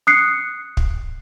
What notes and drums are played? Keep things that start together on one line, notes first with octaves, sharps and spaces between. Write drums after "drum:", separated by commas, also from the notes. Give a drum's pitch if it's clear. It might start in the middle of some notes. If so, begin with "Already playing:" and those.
D#6 F#6 C7 C#7
drum: kick